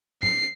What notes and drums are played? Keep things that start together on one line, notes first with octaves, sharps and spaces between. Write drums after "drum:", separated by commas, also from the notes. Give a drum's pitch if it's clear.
C7, drum: tom G#2